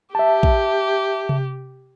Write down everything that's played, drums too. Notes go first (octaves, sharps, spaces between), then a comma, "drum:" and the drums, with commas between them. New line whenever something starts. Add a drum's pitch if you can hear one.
G4 E5 A5
drum: kick A#1
drum: tom C3